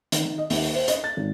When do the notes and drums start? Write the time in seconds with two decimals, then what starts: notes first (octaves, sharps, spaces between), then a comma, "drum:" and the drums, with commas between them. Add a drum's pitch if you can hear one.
0.12 D#3, drum: hi-hat
0.25 D#3
0.38 D#5
0.50 D#2, drum: open hi-hat
0.74 C5
0.88 D#5, drum: hi-hat
1.04 A6
1.17 G#1